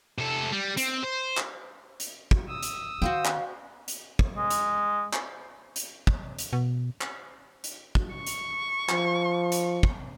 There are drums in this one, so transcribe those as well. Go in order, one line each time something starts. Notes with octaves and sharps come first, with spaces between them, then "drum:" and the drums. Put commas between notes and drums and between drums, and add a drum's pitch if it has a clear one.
C3 A4
G3
C4, drum: hi-hat
C5
drum: clap
drum: hi-hat
drum: kick
D#6 E6
drum: hi-hat
D#3 F#4 C5 F5 G5
drum: clap
drum: hi-hat
drum: kick
G#3
drum: hi-hat
drum: clap
drum: hi-hat
drum: kick
drum: hi-hat
B2
drum: clap
drum: hi-hat
drum: kick
C#6
drum: hi-hat
F3, drum: clap
drum: hi-hat
drum: kick